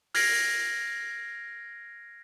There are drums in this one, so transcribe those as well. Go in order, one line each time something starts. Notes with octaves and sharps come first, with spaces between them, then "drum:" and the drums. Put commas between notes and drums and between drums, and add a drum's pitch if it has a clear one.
F6 G#6 A#6 C7 D7, drum: open hi-hat